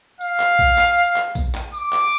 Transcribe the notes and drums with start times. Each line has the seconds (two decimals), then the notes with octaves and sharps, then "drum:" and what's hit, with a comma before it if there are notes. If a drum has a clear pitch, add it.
0.21 F5, drum: tambourine
0.40 drum: clap
0.59 drum: kick A#1, tambourine
0.78 drum: clap
0.97 drum: tambourine
1.16 drum: clap
1.35 drum: kick A#1, tambourine
1.54 drum: clap
1.74 D6, drum: tambourine
1.93 drum: clap